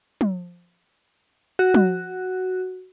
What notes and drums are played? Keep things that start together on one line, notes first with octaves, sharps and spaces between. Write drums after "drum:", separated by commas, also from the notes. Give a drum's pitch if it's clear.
drum: tom
F#4
drum: tom